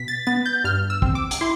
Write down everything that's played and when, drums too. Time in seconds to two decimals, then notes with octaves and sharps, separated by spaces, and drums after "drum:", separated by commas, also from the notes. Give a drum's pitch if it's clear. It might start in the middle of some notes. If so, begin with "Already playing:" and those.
Already playing: B2 B6
0.08 A6
0.27 B3 A6
0.46 G6
0.64 G2 F6
0.90 E6
1.02 C4, drum: kick
1.15 D6
1.31 drum: hi-hat
1.41 E4 C6